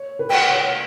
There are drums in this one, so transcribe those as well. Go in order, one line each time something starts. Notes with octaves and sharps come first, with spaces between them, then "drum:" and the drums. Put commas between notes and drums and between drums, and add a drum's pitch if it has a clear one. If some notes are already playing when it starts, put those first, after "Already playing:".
Already playing: C#5
B4
G5, drum: cymbal
F#5
C#5